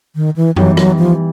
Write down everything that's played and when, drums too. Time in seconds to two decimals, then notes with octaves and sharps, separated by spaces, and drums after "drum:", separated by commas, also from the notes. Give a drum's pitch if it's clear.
0.15 D#3
0.36 E3
0.56 E3 F#3 G3 B3 D#4 G4, drum: tom F#2
0.77 F#3, drum: rim click
0.98 F3